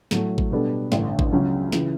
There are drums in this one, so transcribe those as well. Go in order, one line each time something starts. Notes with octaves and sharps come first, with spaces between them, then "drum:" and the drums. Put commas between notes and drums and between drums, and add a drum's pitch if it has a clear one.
A2 F#3 A3, drum: snare
drum: kick G#1
B2 G3 B3 D4 A4
A1 G2 D3, drum: snare
drum: kick G#1
C#2 C#3 F#3 C#4
C#3 E3, drum: snare